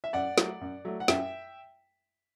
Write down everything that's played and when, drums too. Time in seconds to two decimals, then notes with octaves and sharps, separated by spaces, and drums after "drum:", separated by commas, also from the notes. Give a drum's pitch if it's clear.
0.04 E5
0.13 F#2 D5 F#5
0.38 F#3 A3, drum: snare
0.61 F#2
0.85 F#3 A3
1.00 F#5
1.08 F#2 E5 G5, drum: snare